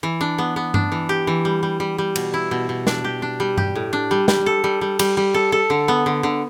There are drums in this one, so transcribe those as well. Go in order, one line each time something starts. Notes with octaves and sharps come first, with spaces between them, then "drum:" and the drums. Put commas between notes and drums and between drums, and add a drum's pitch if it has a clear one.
E3
D4
B3
B3
D4, drum: tom G2
E3
G4
E3
G3
G3
G3
G3
B2, drum: cymbal
E4
B2
B2
D4, drum: snare
G4
D4
G3
G4, drum: tom G2
A2
D4
G3
G3, drum: snare
A4
G3
G3
G3, drum: cymbal
G3
A4
A4
D3
B3
D3
D3